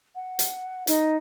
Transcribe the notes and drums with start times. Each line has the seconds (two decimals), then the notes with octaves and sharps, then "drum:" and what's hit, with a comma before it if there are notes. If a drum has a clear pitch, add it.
0.15 F#5
0.39 drum: hi-hat
0.87 D#4, drum: hi-hat